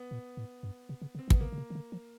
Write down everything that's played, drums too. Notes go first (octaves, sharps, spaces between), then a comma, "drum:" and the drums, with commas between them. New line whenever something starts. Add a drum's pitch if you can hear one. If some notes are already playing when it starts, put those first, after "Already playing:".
Already playing: B3
A#2
A2
G2
C3
C#3
C#3
C4
D#3
B3, drum: kick
C#3 A#3
C#3
C3
D#3
D3
F3